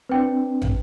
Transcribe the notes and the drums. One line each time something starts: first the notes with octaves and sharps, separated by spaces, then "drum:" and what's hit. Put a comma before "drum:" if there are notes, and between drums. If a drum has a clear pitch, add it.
C4 D4 B4 G5
drum: tom